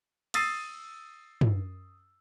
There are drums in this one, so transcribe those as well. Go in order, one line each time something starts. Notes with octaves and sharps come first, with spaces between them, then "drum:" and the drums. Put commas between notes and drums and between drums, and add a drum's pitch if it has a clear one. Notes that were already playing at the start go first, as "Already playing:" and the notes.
D#6 E6 A6 C7 D#7, drum: cymbal
drum: tom